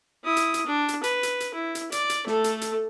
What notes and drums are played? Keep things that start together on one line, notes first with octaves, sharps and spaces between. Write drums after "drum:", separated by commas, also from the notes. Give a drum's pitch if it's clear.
E4 D#6
drum: hi-hat
drum: hi-hat
D4
drum: hi-hat
B4, drum: hi-hat
drum: hi-hat
drum: hi-hat
E4
drum: hi-hat
D5, drum: hi-hat
drum: hi-hat
A3 A4, drum: snare
drum: hi-hat
drum: hi-hat